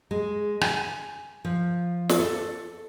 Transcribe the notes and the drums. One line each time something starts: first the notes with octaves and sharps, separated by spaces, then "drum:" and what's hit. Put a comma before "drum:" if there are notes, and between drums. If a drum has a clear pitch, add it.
G#3
G#5, drum: rim click
F3
drum: snare
A4